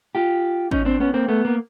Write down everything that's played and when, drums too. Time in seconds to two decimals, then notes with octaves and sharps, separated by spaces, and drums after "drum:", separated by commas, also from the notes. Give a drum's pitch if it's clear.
0.15 F4 G4
0.71 C#4 D#4, drum: kick G#1
0.85 C4 D4
1.00 B3 C#4
1.14 A#3 C4
1.28 A3 B3
1.45 A#3